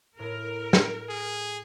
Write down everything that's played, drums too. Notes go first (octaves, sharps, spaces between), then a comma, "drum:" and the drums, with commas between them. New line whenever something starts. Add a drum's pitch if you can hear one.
A2 E4 A#4
drum: snare
G#4